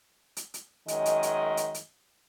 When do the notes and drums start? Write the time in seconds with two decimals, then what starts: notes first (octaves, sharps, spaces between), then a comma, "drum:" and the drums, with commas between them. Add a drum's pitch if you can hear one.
0.37 drum: hi-hat
0.54 drum: hi-hat
0.88 F#2 D#3 G#3 D#5, drum: hi-hat
1.05 drum: hi-hat
1.23 drum: hi-hat
1.57 drum: hi-hat
1.74 drum: hi-hat